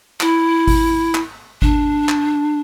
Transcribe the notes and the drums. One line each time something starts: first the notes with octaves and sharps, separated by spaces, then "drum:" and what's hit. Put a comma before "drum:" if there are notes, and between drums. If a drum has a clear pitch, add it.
E4, drum: clap
drum: kick G#1, open hi-hat
drum: clap
D4, drum: kick G#1
drum: clap